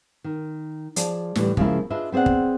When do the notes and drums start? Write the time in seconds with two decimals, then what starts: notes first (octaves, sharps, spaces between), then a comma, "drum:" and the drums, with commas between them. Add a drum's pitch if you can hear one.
0.24 D#3
0.96 F3 G#4 D5 A5, drum: hi-hat
1.35 A2 D3 E3 G3, drum: snare
1.57 C#3 F3 G#3 A#3 E4, drum: kick
1.90 D4 F4 G#4 B4 D#5 E5
2.12 B3 C4 G#4 D5 F#5
2.26 drum: kick